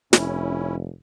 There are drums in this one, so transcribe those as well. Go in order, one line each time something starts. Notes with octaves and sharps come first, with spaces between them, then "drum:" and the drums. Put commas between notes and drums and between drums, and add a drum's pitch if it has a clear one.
F1 C#4 E4, drum: snare